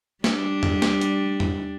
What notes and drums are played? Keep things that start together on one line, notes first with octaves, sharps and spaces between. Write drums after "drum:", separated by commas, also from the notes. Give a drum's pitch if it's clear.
G3 D4, drum: snare
drum: tom E2
drum: snare
drum: hi-hat
drum: tom E2